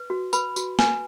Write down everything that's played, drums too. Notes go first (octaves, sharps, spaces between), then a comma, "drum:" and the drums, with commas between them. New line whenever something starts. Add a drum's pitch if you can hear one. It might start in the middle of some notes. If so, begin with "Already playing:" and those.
Already playing: B4
F#4
B4 B5, drum: tambourine
F#4, drum: tambourine
B4 G#5, drum: snare